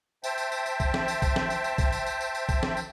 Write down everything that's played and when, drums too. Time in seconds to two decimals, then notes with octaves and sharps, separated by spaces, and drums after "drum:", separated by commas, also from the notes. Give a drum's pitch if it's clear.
0.24 C5 E5 G5 A5, drum: tambourine
0.38 drum: tambourine
0.52 drum: tambourine
0.66 drum: tambourine
0.80 drum: kick B1, tambourine
0.94 drum: snare
1.08 drum: tambourine
1.22 drum: kick B1, tambourine
1.36 drum: snare
1.50 drum: tambourine
1.64 drum: tambourine
1.78 drum: kick B1, tambourine
1.92 drum: tambourine
2.06 drum: tambourine
2.21 drum: tambourine
2.35 drum: tambourine
2.49 drum: kick B1, tambourine
2.63 drum: snare
2.77 drum: tambourine